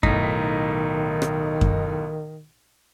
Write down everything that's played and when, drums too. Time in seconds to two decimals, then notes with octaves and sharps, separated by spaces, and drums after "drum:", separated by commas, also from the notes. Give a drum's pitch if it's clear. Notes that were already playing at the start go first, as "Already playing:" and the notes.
0.03 B1 A2 D#3 D#4 B6, drum: kick F#2
1.22 drum: rim click
1.61 drum: kick F#2